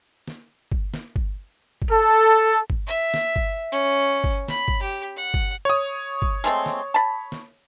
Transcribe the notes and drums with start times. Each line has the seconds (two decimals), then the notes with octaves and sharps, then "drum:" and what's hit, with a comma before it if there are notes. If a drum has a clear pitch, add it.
0.28 drum: snare
0.72 drum: kick G1
0.94 drum: snare
1.16 drum: kick G1
1.82 drum: kick G1
1.91 A4
2.70 drum: kick G1
2.87 E5
3.14 drum: snare
3.36 drum: kick G1
3.72 C#4
4.24 drum: kick G1
4.48 B5, drum: snare
4.68 drum: kick G1
4.82 G4
5.16 F#5
5.34 drum: kick G1
5.65 C#5 D#6
6.22 drum: kick G1
6.44 G#3 A3 C4
6.66 drum: snare
6.94 A5 B5
7.32 drum: snare